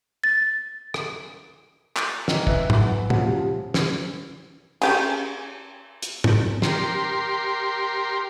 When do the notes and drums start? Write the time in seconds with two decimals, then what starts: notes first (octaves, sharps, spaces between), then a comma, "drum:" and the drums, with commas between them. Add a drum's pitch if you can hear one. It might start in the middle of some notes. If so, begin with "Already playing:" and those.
0.24 A6
0.94 drum: rim click
1.97 drum: clap
2.28 E3 D#5 G5 A#5, drum: snare
2.47 B4 E5 G#5 F#6, drum: kick
2.70 drum: tom
2.79 F#5
3.10 C#3 F3 F#3 G4, drum: tom
3.74 drum: snare
4.82 C#4 G4 G#4, drum: cymbal
6.02 drum: hi-hat
6.24 drum: tom
6.62 G4 A#4 C6, drum: snare